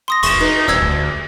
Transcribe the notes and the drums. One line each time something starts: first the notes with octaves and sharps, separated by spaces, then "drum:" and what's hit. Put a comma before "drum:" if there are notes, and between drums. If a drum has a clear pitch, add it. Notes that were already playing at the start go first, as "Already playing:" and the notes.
C6 D#6 A#6
E1 C#6 E7, drum: cymbal
D#4 B4
D#1 E6 G#6, drum: snare
D2